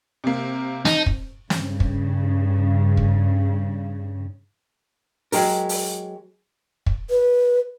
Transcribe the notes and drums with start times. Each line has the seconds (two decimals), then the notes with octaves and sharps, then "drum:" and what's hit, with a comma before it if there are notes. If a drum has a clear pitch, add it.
0.24 C3 A#3
0.85 D#4 A5, drum: snare
1.06 drum: kick
1.50 G2 C#3, drum: snare
1.80 drum: kick
2.97 drum: kick
5.32 F#3 G#3 G4 A#4, drum: open hi-hat
5.69 drum: open hi-hat
6.86 drum: kick
7.10 B4